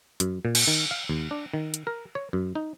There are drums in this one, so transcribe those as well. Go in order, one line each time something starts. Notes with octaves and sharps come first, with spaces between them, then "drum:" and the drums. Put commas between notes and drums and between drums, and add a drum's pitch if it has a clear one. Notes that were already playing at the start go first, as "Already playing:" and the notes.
F#2, drum: hi-hat
A#2
drum: cymbal
D#3
F5
D#2
D4
D#3
drum: hi-hat
A#4
C#5
F#2
D#4